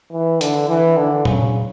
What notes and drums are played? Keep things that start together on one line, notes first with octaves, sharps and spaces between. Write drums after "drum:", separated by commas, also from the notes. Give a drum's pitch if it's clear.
E3
D3, drum: hi-hat
E3
D3
C#3, drum: tom A#2